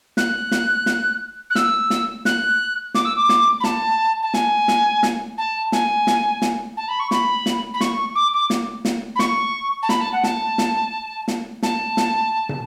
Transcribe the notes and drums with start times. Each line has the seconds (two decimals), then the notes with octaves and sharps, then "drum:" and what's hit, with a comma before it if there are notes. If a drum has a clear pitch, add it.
0.17 F#6, drum: snare
0.52 drum: snare
0.86 drum: snare
1.50 F#6
1.55 E6, drum: snare
1.90 drum: snare
2.25 F#6, drum: snare
2.94 D6, drum: snare
3.05 E6
3.16 D6
3.29 drum: snare
3.60 B5
3.64 A5, drum: snare
4.22 A5
4.34 G#5, drum: snare
4.68 drum: snare
5.03 drum: snare
5.38 A5
5.72 G#5, drum: snare
6.07 drum: snare
6.42 drum: snare
6.77 A5
6.88 B5
6.99 C#6
7.11 B5, drum: snare
7.46 drum: snare
7.74 B5
7.81 C#6, drum: snare
8.15 D6
8.33 D6
8.50 drum: snare
8.85 drum: snare
9.15 B5
9.19 C#6, drum: snare
9.82 A5
9.89 B5, drum: snare
10.01 A5
10.13 F#5
10.24 A5, drum: snare
10.58 drum: snare
11.28 drum: snare
11.63 A5, drum: snare
11.97 drum: snare
12.49 drum: tom